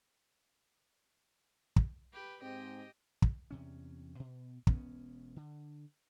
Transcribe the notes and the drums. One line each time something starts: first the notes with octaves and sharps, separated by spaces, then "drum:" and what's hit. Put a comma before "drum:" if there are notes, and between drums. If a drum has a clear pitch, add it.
drum: kick
G4 B4
G#2 C4 G4 D#5
drum: kick
E2 C3 C#4
B2
E1 B3 C#4, drum: kick
D3